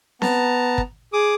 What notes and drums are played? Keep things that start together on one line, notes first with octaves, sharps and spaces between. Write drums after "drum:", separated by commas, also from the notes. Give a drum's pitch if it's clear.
B3 A5 A#5, drum: snare C4
drum: kick
G#4 D6 D#6